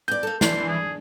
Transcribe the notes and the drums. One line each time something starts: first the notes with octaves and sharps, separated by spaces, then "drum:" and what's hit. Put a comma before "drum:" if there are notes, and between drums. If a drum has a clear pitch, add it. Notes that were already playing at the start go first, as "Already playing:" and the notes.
E2 D5 G6
A#3 A4
E3 D4 C6, drum: snare
G#4